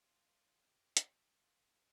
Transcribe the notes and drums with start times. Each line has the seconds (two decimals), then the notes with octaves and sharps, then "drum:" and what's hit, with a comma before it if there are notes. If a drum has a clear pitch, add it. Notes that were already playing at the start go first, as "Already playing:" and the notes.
Already playing: F4
0.66 G4
0.97 drum: hi-hat
1.41 F4